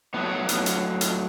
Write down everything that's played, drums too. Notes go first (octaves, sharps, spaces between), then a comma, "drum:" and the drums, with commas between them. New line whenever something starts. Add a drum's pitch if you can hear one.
A2 F#3 B3
drum: hi-hat
drum: hi-hat
drum: hi-hat